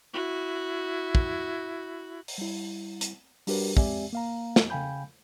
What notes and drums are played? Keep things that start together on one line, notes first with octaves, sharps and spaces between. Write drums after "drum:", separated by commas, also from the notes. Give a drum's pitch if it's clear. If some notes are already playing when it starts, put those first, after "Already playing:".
E4 F#4
drum: kick
drum: open hi-hat
G3 E4
drum: hi-hat
G3 D4 F#4 G4 A#4 B4, drum: open hi-hat
G#3 C4 G4 D5 E5 G#5, drum: kick
A#3 F5 A#5
drum: snare
C#3 F5 G5 G#5 B5 G6